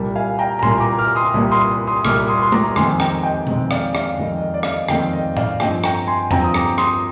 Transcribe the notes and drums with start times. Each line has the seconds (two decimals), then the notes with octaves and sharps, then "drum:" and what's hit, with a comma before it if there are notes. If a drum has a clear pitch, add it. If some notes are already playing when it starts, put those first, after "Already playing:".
Already playing: C2 A#2 G3 A#3
0.16 F5 G#5
0.39 G5 A#5
0.59 A#5
0.63 C2 A#2 G3 A#3 G#5 C6, drum: tom A2
0.80 A#5 D6
0.99 D6 F6
1.16 C6 D#6
1.34 C2 A#2 G3 A#3
1.52 C6 D#6
1.87 C6 D#6
2.05 C2 A#2 G3 A#3 D6 F6, drum: rim click
2.28 C6 D#6
2.42 C6
2.52 A#5 D6, drum: tom G#3
2.76 F2 D#3 G#3 C4 G#5 C6, drum: rim click
3.00 G5 A#5, drum: rim click
3.23 D#5 G5
3.47 F2 D#3 G#3 C4 D#5, drum: tom B2
3.71 D5 F5, drum: rim click
3.95 D5 F5, drum: rim click
4.17 F2 D#3 G#3 C4 D#5
4.36 D#5
4.54 D5
4.63 F5, drum: rim click
4.71 D#5
4.88 F2 D#3 G#3 C4 D#5 G5, drum: rim click
5.13 D#5
5.37 D5 F5, drum: tom A2
5.60 G2 F3 C4 D#5 G5, drum: rim click
5.84 G5 A#5, drum: rim click
6.07 G#5 C6
6.31 G2 F3 C4 G5 A#5, drum: tom E2
6.44 D#6
6.54 A#5 D6, drum: rim click
6.78 C6 D#6, drum: rim click